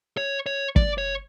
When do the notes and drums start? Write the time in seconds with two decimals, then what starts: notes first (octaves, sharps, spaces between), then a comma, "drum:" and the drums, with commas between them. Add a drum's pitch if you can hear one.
0.17 C#5
0.46 C#5
0.76 D5, drum: kick
0.98 C#5